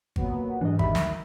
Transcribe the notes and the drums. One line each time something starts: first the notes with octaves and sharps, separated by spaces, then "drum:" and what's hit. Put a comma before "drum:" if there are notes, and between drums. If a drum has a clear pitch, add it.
A#2 F#3 B3, drum: kick G#1
G#2 E3 G3 D4 D#5
D2 D#3 E5 B5, drum: kick G#1
drum: snare